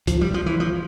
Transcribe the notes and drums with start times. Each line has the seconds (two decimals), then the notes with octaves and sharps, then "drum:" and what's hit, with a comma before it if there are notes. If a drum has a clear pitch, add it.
0.07 F3, drum: kick, hi-hat
0.21 G3
0.34 F3
0.46 E3
0.60 F3